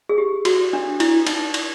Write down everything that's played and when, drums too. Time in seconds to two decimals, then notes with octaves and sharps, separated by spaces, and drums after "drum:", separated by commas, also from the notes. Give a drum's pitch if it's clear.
0.09 G#4
0.18 G4
0.45 F#4, drum: cymbal
0.73 D4
1.00 E4, drum: cymbal
1.27 D#4, drum: cymbal
1.54 drum: cymbal